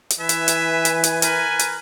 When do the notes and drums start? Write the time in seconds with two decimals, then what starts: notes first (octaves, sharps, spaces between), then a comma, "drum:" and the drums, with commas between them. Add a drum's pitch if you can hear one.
0.10 drum: hi-hat
0.20 E3 B4 E5 G#5
0.29 drum: hi-hat
0.48 drum: hi-hat
0.85 drum: hi-hat
1.04 drum: hi-hat
1.22 A#4 B4 G#5, drum: hi-hat
1.59 drum: hi-hat